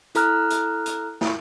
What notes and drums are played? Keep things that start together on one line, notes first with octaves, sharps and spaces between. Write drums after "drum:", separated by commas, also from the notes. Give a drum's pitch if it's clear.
E4 A4 A#5 F6 F#6, drum: hi-hat
drum: hi-hat
drum: hi-hat
drum: snare